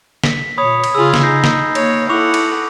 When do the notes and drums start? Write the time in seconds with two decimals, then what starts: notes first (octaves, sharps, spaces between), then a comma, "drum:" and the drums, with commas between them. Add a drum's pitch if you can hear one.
0.24 B6, drum: snare
0.58 A#2 C#5 B5 D#6 G#6
0.84 drum: cymbal
0.95 C#3 F4 G#4 G#5 E6
1.14 drum: snare
1.23 D#4 G6 A#6 C7
1.44 drum: snare
1.75 A#3 C#5, drum: cymbal
2.09 E4 A4 F#5 C#6 D6 F7
2.34 drum: cymbal